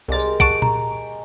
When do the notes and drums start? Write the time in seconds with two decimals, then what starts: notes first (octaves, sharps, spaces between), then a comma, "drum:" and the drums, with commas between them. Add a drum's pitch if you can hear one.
0.08 C2 G#3 G4 A#4 A6
0.20 drum: tambourine
0.40 F#5 A5 C#6 D7, drum: kick
0.62 A#5, drum: tom A#2